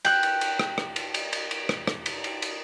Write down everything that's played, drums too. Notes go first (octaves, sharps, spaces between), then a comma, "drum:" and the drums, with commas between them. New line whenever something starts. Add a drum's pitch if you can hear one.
G5 F#6, drum: cymbal
drum: cymbal
drum: cymbal
drum: rim click
drum: rim click
drum: cymbal
drum: cymbal
drum: cymbal
drum: cymbal
drum: rim click
drum: rim click
drum: cymbal
drum: cymbal
drum: cymbal